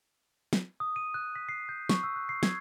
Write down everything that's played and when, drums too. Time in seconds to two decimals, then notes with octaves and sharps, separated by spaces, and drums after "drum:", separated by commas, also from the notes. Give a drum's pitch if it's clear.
0.53 drum: snare
0.80 D#6
0.96 D#7
1.14 F#6
1.36 B6
1.49 C7
1.69 G6
1.89 C#6, drum: snare
2.04 E6
2.16 F#6
2.29 C7
2.43 G#6, drum: snare